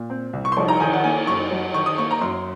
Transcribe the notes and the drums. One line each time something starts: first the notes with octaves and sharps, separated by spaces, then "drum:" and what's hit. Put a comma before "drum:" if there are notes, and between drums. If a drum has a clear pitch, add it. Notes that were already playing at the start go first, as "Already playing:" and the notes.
Already playing: A#2
C4
C2
C#6
C6
F3 C#6, drum: cymbal
A#5
D#3 G#5
F#5
A#3 G#5
F#2 C#6
F#3
D#3 C#6
D#6
A#3 C#6
A#5
F#2 C6